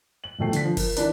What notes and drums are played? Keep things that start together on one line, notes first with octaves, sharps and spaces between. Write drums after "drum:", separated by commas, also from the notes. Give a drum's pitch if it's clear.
F#7
D#1 F2 B2 A3 G5 C7
D3 B6, drum: hi-hat
F3
A#4, drum: kick F#1, open hi-hat
D#3 E3 D4 B4, drum: hi-hat